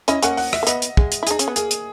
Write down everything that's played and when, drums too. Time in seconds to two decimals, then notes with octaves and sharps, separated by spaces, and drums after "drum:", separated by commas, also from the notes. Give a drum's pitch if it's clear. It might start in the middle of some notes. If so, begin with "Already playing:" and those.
0.08 C#4 E4 D#5, drum: hi-hat
0.23 A#3 C#4 F#5, drum: hi-hat
0.37 F#5, drum: open hi-hat
0.53 E5, drum: rim click
0.63 A#3
0.67 B3 D#5, drum: hi-hat
0.82 drum: hi-hat
0.97 G#3, drum: kick
1.12 drum: hi-hat
1.23 E4
1.27 D#4 G#4, drum: hi-hat
1.39 C#4, drum: hi-hat
1.48 B3
1.56 A#3 G#4, drum: hi-hat
1.71 drum: hi-hat